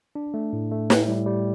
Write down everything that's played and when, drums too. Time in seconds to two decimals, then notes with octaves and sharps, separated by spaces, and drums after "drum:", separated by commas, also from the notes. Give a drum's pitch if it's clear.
0.15 D4
0.34 A3
0.53 A2
0.71 A3
0.90 A2, drum: snare
1.08 G3
1.26 G3